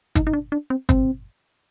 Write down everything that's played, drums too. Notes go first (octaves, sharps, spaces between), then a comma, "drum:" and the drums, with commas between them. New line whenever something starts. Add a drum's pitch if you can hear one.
D#4, drum: kick G1, hi-hat
D#4
D4
D4
C4
C4, drum: kick G1, hi-hat